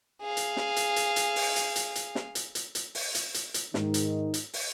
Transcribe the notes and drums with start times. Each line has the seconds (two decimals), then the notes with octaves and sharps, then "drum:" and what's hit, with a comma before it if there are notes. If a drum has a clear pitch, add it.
0.22 G#4 F5
0.37 drum: hi-hat
0.57 drum: snare
0.76 drum: hi-hat
0.96 drum: hi-hat
1.16 drum: hi-hat
1.36 drum: open hi-hat
1.56 drum: hi-hat
1.76 drum: hi-hat
1.95 drum: hi-hat
2.15 drum: snare
2.35 drum: hi-hat
2.55 drum: hi-hat
2.75 drum: hi-hat
2.95 drum: open hi-hat
3.15 drum: hi-hat
3.34 drum: hi-hat
3.54 drum: hi-hat
3.74 G#2 D#3 D#4, drum: snare
3.94 drum: hi-hat
4.34 drum: hi-hat
4.53 drum: open hi-hat